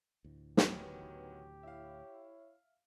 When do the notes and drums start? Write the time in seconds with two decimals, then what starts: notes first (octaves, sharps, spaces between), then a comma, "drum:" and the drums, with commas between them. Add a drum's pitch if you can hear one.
0.25 D2 A2
0.57 D#3 E3 F#3 B3 G4, drum: snare
1.63 E4 C#5 E5 F5